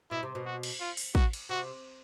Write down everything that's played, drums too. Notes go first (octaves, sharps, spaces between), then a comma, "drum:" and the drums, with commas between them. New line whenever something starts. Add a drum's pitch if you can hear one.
B2 E4
C3
B2
F#4
drum: cymbal
F4
drum: open hi-hat
F#4, drum: kick
drum: cymbal
C3 F#4